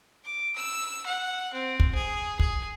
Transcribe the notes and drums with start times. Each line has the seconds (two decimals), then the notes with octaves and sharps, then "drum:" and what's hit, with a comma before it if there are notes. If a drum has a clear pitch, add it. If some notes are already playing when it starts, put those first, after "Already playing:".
0.25 D6
0.56 E6
1.06 F#5
1.53 C4
1.80 drum: kick
1.95 G#4
2.40 G#4, drum: kick